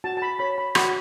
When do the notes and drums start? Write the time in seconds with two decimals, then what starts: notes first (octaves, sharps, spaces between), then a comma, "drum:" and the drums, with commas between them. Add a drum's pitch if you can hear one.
0.04 F#4 A5
0.17 A5
0.22 B5
0.39 C#5 B5
0.58 B5
0.75 F#4 B5, drum: rim click